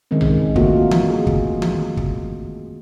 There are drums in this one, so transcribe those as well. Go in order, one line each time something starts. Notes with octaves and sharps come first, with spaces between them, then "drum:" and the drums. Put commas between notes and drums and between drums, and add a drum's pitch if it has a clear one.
D#3 G#3 C4 C#4
drum: tom A#1
A3 A#3 F4 F#4, drum: kick
drum: tom D#3
A3 G#4
drum: kick
drum: tom D#3
drum: kick